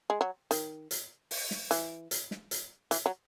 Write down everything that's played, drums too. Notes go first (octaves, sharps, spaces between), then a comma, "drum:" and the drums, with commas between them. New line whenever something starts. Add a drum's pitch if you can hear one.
G#3
F#3
D#3, drum: hi-hat
drum: hi-hat
drum: open hi-hat
drum: snare
E3, drum: hi-hat
drum: hi-hat
drum: snare
drum: hi-hat
E3, drum: hi-hat
F#3